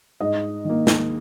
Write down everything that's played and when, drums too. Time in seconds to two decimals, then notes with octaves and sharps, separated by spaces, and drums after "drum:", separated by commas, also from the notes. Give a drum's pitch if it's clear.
0.20 G#2 D#5
0.65 D#3 A#3
0.87 drum: snare